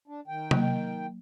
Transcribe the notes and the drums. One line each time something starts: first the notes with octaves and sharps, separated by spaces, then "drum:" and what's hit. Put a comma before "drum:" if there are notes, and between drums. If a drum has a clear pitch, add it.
D4
D#3 G5
F#3 A#3, drum: tom C3